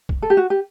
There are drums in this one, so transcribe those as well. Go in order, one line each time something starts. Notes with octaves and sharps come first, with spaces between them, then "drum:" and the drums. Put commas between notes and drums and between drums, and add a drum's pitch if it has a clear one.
drum: kick
A4
G4
F#4
G4